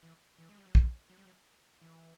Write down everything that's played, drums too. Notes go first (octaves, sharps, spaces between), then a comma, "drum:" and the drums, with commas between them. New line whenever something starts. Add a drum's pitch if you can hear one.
E3
E3
G#3
G3
F#3
F3, drum: kick
F#3
G3
F#3
E3